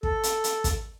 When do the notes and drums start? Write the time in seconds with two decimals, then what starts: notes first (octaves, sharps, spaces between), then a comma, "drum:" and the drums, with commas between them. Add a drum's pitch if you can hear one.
0.03 A4, drum: kick
0.23 drum: hi-hat
0.44 drum: hi-hat
0.64 drum: kick, hi-hat